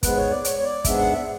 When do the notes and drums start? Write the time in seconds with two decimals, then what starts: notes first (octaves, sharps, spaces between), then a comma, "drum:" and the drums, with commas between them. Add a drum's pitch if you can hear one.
0.03 G#2 G#3 B3 B4, drum: kick, hi-hat
0.17 C#5
0.30 D5
0.45 C#5, drum: hi-hat
0.59 C#5
0.64 D5
0.84 G#2 G#3 B3 D4 E5, drum: kick, hi-hat
0.98 F#5
1.12 E5